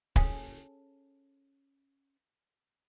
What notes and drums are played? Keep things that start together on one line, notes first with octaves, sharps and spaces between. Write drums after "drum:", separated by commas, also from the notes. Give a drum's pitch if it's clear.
C#4 G#4 A4, drum: kick